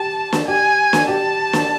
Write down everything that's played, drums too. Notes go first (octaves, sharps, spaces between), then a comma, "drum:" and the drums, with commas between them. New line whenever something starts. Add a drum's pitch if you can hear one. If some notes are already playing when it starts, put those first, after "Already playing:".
Already playing: G4 A5
drum: snare
G4 G#5
drum: snare
G4 A5
drum: snare